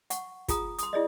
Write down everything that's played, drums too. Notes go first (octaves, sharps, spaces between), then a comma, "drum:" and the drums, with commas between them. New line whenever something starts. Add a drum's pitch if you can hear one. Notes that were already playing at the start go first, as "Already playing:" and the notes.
F#5 C#6, drum: hi-hat
F4 G#4 A#5 D#6, drum: kick, hi-hat
C6 D#6, drum: hi-hat
E4 G#4 D5 D#5